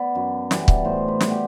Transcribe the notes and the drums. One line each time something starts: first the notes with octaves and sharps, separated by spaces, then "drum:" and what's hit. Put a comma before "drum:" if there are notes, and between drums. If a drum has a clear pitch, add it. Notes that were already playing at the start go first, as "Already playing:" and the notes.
Already playing: B3 B4 D5
F#2
E3 G3 B3 D5, drum: snare
drum: kick
A2 C5
B4
G3 B3, drum: snare
G4